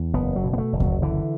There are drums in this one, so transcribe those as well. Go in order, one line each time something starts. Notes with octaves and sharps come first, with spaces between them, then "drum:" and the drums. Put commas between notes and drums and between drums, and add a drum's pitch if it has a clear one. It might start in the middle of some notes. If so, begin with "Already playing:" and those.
Already playing: E2
F#1 B3
F#3
B2
B3
A3
F#1
F#3, drum: kick D2
D3 E3